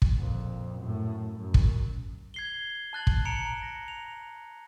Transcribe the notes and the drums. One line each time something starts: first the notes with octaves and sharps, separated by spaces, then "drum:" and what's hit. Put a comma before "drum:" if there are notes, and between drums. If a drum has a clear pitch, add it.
drum: kick
F2 A#2
F#2 A2
F#2
drum: kick
G#6 C7 G7
A5 F#6 A6 F#7
drum: kick
A#5 C#7 D7 F7
A#6
F7